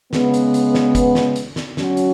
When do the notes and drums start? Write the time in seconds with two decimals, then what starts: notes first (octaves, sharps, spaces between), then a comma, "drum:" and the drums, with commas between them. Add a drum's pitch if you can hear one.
0.13 C#3 G#3 B3, drum: snare
0.34 drum: hi-hat
0.54 drum: hi-hat
0.74 drum: snare
0.95 drum: kick F#1, hi-hat
1.15 drum: snare
1.36 drum: hi-hat
1.56 drum: snare
1.77 F#3 C#4 F#4, drum: snare
1.97 drum: hi-hat